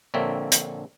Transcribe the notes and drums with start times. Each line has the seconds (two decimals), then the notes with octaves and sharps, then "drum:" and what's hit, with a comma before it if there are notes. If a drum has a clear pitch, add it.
0.14 A#1 D3 A#3 C4 C#5 E5
0.52 drum: hi-hat